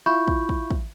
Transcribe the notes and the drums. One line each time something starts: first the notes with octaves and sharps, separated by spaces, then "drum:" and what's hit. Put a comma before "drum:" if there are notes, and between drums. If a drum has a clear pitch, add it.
E4 F4 B5 C#6 G6
drum: kick
drum: kick
drum: kick